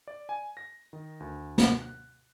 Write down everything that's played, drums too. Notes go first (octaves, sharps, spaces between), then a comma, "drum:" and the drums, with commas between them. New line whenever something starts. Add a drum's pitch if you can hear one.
D5
G#5
A#6
D#3
D2
drum: snare
F#6